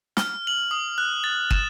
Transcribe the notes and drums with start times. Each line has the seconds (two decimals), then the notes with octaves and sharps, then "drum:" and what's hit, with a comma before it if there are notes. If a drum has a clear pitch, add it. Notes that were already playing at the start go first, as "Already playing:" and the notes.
0.17 F6, drum: snare
0.47 F#7
0.71 D#6
0.98 F#6
1.24 A6
1.51 E7, drum: kick